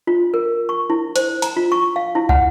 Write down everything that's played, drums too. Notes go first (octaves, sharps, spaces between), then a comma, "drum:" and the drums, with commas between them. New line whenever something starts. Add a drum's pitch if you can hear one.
F4
A#4
C#6
E4
C5, drum: hi-hat
A#5, drum: hi-hat
F4
C#6
F5
E4
F#5, drum: kick